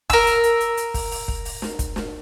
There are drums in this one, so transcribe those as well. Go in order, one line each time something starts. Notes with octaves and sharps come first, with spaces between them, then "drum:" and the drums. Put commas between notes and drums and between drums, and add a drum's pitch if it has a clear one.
A#4 E6, drum: kick, open hi-hat
drum: hi-hat
drum: hi-hat
drum: hi-hat
drum: hi-hat
drum: kick, open hi-hat
drum: open hi-hat
drum: kick
drum: open hi-hat
drum: snare
drum: kick, hi-hat
drum: snare